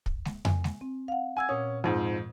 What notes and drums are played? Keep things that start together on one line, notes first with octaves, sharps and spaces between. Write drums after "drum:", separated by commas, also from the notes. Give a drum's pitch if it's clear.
drum: kick
drum: snare G#3
G#5, drum: tom F2
drum: snare G#3
C4
F5 F#5
F#5 G#5 E6 G#6
A#2 C#4 D#6
F2 G#2